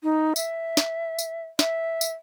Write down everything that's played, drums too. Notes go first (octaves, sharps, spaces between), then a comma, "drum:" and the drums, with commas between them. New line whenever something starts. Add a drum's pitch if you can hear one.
D#4
E5, drum: tambourine
drum: snare
drum: tambourine
E5, drum: snare
drum: tambourine